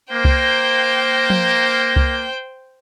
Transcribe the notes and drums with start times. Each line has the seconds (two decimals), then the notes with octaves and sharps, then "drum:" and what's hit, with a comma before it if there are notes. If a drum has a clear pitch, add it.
0.12 A#3 C5 G5
0.25 drum: kick C2
1.30 drum: tom F3
1.96 drum: kick C2